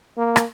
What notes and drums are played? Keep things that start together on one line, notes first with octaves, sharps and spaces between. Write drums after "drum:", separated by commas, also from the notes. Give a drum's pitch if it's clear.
A#3
drum: rim click